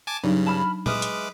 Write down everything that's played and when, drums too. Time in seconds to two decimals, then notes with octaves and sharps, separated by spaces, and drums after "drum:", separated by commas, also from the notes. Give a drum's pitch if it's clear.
0.07 G#5 A5 D6
0.23 G2 C#3 F#3 D4 D#4
0.46 A5 B5 F6
0.86 G#3 B4 E5 D6 D#6 F6, drum: tom A#2
1.02 drum: hi-hat